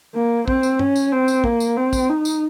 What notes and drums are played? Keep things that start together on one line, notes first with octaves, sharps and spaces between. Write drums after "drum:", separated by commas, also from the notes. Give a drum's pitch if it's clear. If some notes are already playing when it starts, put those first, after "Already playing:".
A#3
C4, drum: kick
drum: tambourine
C#4, drum: tom
drum: tambourine
C4
drum: tambourine
A#3, drum: kick
drum: tambourine
C4
drum: kick, tambourine
D#4
drum: tambourine